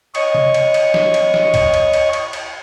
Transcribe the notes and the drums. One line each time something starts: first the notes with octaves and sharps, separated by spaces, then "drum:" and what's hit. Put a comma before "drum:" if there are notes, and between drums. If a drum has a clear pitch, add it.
C#5 D#5 C#6, drum: cymbal
drum: tom
drum: cymbal
drum: cymbal
drum: snare
drum: cymbal
drum: snare
drum: kick, cymbal
drum: cymbal
drum: cymbal
drum: cymbal
drum: cymbal